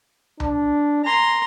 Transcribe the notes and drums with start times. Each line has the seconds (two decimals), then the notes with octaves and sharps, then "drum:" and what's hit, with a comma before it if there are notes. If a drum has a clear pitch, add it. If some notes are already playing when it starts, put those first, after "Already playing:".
0.40 D4, drum: tom C2
1.05 G#5 A#5 C6